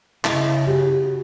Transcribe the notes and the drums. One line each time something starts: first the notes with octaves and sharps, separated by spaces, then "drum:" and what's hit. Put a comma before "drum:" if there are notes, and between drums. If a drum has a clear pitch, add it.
C#3 E4 D#5, drum: clap
F#4 G4